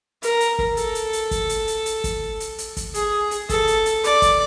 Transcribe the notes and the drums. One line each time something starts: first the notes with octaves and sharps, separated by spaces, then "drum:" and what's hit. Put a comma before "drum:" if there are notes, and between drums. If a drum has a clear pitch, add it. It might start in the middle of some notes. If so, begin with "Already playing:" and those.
A#4, drum: hi-hat
drum: hi-hat
drum: kick
A4, drum: hi-hat
drum: hi-hat
drum: hi-hat
drum: kick, hi-hat
drum: hi-hat
drum: hi-hat
drum: hi-hat
drum: kick, hi-hat
drum: hi-hat
drum: hi-hat
drum: kick, hi-hat
G#4, drum: hi-hat
drum: hi-hat
A4, drum: kick, hi-hat
drum: hi-hat
drum: hi-hat
D5, drum: hi-hat
drum: kick, hi-hat